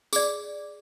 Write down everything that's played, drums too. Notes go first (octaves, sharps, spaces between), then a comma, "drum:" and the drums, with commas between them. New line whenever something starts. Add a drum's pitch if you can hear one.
G#4 D5, drum: tambourine